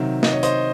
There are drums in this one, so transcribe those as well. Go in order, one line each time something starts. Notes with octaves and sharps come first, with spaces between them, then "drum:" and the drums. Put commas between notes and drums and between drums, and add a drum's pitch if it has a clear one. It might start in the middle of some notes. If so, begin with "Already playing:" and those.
Already playing: C3 D#3 F#3 E5
D#5, drum: snare
C#5
C5 D#5, drum: hi-hat